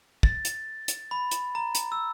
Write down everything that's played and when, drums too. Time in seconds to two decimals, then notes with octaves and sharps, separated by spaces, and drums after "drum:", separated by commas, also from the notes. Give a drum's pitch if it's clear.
0.23 A6, drum: kick
0.45 drum: hi-hat
0.88 drum: hi-hat
1.11 B5
1.31 drum: hi-hat
1.55 A#5
1.75 drum: hi-hat
1.92 E6